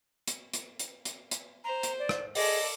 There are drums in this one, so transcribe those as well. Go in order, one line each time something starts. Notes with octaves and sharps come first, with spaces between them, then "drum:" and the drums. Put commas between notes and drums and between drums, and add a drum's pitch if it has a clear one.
drum: hi-hat
drum: hi-hat
drum: hi-hat
drum: hi-hat
drum: hi-hat
C5 A#5
drum: hi-hat
D5
drum: rim click
G#4 A4 D5 D#5, drum: open hi-hat